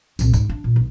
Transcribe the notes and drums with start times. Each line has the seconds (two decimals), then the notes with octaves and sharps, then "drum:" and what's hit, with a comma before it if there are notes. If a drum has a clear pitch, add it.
0.19 C2 A#2, drum: tambourine
0.33 G#2, drum: kick, tambourine
0.49 D4
0.64 A#2
0.76 B1